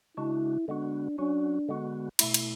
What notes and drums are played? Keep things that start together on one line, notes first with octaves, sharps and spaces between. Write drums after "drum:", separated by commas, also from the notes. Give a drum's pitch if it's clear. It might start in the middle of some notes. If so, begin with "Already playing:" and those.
C#3 G#3 D4 E4 F#4
D3 G#3 B3 D4 F#4
F#3 C#4 D4 F#4
D3 G#3 B3 F#4
B2 A3 E4, drum: cymbal
drum: cymbal